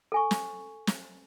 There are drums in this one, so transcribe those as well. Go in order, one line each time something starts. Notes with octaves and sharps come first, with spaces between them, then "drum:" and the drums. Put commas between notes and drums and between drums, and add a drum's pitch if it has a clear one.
A4 G#5 C#6
drum: snare
drum: snare